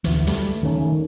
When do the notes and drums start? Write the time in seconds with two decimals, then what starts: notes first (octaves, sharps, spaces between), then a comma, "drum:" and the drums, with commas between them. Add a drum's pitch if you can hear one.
0.04 D2 E3, drum: hi-hat
0.27 G3 A3, drum: hi-hat
0.63 D#3 A3 C#4
0.78 D#3